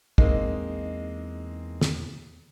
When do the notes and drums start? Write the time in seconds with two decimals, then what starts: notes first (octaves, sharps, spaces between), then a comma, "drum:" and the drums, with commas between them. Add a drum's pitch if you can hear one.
0.18 E2 G#3 A#3 C4 D#4 D#5, drum: kick
1.81 drum: snare